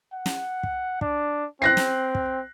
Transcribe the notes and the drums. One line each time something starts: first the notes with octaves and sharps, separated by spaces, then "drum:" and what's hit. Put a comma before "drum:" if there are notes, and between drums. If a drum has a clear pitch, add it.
F#5
drum: snare
drum: kick
D4, drum: kick
C4 F#6 A#6 C7
drum: snare
drum: kick